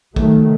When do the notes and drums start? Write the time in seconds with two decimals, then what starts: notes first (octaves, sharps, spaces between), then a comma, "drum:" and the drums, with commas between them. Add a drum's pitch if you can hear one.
0.16 D#3 F#3 A3, drum: kick